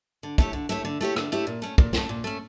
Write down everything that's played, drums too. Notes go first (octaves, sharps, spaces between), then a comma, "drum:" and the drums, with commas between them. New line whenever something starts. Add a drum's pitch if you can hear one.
D3
A3 E4 G4 C#5, drum: kick
D3
A3 E4 G4 C#5
D3
A3 E4 G4 C#5
D3, drum: rim click
A3 E4 G4 C#5
A#2
A3 C#4
A#2, drum: kick
A3 C#4, drum: snare
A#2
A3 C#4